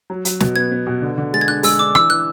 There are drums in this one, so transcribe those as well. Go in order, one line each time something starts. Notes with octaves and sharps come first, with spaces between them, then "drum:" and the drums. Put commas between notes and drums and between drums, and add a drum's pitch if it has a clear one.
F#3
F#3, drum: hi-hat
B2, drum: snare
B3 G#6
B3
B2
D3
D3
G#3 A6
G#6
D4 F#6
G#3 E6, drum: open hi-hat
D4 D6
E3 E6, drum: rim click
E3 F#6